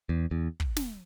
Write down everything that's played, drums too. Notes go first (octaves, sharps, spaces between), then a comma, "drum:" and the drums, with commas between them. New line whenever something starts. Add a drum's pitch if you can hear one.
E2
E2
drum: kick
drum: snare